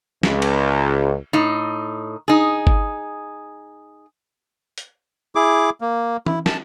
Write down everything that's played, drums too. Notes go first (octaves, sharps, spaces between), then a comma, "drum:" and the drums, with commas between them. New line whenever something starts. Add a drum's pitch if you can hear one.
C#2, drum: snare
drum: cymbal
A2 D#4
D#4 G#4
drum: kick G1
drum: hi-hat
E4 G#4 D6
A#3
E4, drum: tom
A5, drum: snare